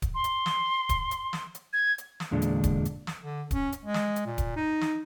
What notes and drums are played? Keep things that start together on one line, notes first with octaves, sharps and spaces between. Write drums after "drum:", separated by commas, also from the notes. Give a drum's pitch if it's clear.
drum: kick D1, hi-hat
C6
drum: hi-hat
drum: snare
drum: kick D1, hi-hat
drum: hi-hat
drum: snare
drum: hi-hat
G#6
drum: hi-hat
drum: snare
E2 A#2 D3 G#3 D4
drum: hi-hat
drum: kick D1, hi-hat
drum: hi-hat
drum: snare
D3
C#4, drum: kick D1, hi-hat
drum: hi-hat
G#3
drum: snare
drum: hi-hat
A#2
drum: kick D1, hi-hat
D#4
drum: snare